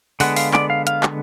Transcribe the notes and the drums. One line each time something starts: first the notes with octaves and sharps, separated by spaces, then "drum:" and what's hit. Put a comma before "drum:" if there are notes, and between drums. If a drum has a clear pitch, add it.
D3 G#3 B3 F#5, drum: open hi-hat
F5, drum: open hi-hat
D5, drum: clap
F5
F5, drum: hi-hat
drum: clap